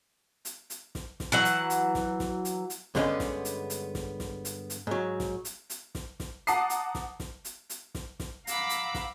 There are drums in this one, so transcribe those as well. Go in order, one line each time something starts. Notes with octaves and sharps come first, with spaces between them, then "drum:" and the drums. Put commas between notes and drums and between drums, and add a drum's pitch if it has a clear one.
drum: hi-hat
drum: hi-hat
drum: snare
drum: snare
E3 F#3 F#5
drum: hi-hat
drum: hi-hat
drum: snare
drum: snare
drum: hi-hat
drum: hi-hat
G2 D3 G#3 A#3 B3 C#4, drum: snare
drum: snare
drum: hi-hat
drum: hi-hat
drum: snare
drum: snare
drum: hi-hat
drum: hi-hat
G#2 F#3
drum: snare
drum: hi-hat
drum: hi-hat
drum: snare
drum: snare
F#5 A5 A#5 D6 D#6 C7, drum: hi-hat
drum: hi-hat
drum: snare
drum: snare
drum: hi-hat
drum: hi-hat
drum: snare
drum: snare
F5 F#5 A#5 B5 D6 E6, drum: hi-hat
drum: hi-hat
drum: snare